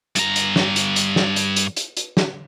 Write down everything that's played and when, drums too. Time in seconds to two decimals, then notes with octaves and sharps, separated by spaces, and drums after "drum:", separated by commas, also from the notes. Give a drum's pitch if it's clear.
0.16 G2 A#5, drum: hi-hat
0.36 drum: hi-hat
0.56 drum: snare
0.76 drum: hi-hat
0.96 drum: hi-hat
1.16 drum: snare
1.36 drum: hi-hat
1.56 drum: hi-hat
1.77 drum: hi-hat
1.97 drum: hi-hat
2.17 drum: snare